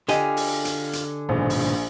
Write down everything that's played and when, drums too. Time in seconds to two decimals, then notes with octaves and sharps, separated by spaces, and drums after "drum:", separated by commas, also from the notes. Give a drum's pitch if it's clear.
0.08 D3 F4 G4 D#5 G#5, drum: hi-hat
0.37 drum: open hi-hat
0.65 drum: hi-hat
0.93 drum: hi-hat
1.29 A#1 G#2 B2 D#3
1.50 drum: open hi-hat